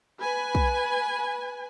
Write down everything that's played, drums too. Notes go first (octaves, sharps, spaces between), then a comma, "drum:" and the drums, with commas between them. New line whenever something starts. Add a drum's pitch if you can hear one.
B4 G#5
drum: kick